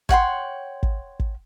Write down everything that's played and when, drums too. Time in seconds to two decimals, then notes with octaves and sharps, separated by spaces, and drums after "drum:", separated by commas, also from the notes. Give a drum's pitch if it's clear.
0.09 C#5 F#5 G5 C6, drum: kick
0.83 drum: kick
1.20 drum: kick